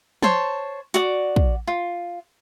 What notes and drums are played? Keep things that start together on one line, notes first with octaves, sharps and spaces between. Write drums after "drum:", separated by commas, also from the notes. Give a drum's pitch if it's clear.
C5 C#5 A5, drum: tom
F#4 D5, drum: hi-hat
drum: kick
F4